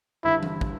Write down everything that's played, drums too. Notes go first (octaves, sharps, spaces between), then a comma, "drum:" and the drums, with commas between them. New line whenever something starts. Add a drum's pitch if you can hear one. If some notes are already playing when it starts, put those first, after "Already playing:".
G1 G2 D3 E4
drum: tom E3
drum: kick